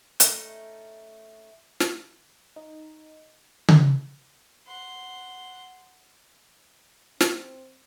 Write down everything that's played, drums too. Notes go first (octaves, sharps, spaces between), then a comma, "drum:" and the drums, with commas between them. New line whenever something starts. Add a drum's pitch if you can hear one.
A3 C#4 D#4, drum: hi-hat
drum: snare
D#4
drum: tom C#3
F#5 C6
C4, drum: snare